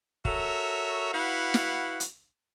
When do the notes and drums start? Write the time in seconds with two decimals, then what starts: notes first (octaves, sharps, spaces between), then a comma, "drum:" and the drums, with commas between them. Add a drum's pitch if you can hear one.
0.25 F#4 A4 A#4 C#5 E5, drum: kick
1.13 E4 F#4 B4 F5 F#5
1.54 drum: snare
2.00 drum: hi-hat